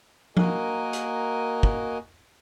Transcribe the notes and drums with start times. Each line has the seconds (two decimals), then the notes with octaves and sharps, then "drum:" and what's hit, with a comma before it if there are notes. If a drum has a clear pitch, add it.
0.37 A#3 F#4 A#4 D#5 G#5, drum: tom F3
0.93 drum: hi-hat
1.63 drum: kick